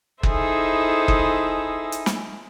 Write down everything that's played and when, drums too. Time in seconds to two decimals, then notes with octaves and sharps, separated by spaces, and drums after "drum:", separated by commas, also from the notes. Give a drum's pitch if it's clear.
0.23 D#4 E4 G#4 A4 C5 E5, drum: kick F#1
1.08 drum: kick F#1
1.92 drum: hi-hat
2.06 drum: snare